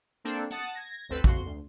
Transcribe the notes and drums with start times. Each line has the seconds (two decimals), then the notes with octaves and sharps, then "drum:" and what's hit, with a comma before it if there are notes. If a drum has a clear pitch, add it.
0.24 A#3 C4 D4 A4
0.51 F#5 A5 D#6 A6 C#7, drum: hi-hat
0.75 G#6 A#6
1.09 G1 D2 C4 A4 B4
1.24 F2 F#4 C6, drum: kick
1.46 D2